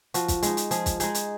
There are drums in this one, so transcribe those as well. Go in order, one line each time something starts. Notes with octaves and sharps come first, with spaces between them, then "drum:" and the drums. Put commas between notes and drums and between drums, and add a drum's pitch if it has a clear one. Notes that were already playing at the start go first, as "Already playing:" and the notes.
F3 F#4, drum: hi-hat
drum: kick, hi-hat
G#3 D#4, drum: hi-hat
drum: hi-hat
F3 G#4, drum: hi-hat
drum: kick, hi-hat
G#3 D#4 G#4, drum: hi-hat
drum: hi-hat